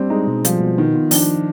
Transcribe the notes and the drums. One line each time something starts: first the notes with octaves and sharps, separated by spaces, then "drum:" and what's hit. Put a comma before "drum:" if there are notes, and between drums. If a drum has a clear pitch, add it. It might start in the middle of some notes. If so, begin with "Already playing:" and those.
Already playing: G3 C4 D4
G#3 D#4
B2
F3 G3, drum: hi-hat
B2
D#3 B3
F4
F3 D4, drum: open hi-hat